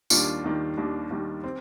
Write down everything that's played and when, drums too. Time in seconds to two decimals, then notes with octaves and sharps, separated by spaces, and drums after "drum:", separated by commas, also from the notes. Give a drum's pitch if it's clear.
0.10 D#2 D#3 G3 D4 F4, drum: tambourine
0.44 D#2 D#3 G3
0.77 D#2 D#3 G3 D4
1.11 D#2 D#3 G3
1.44 C4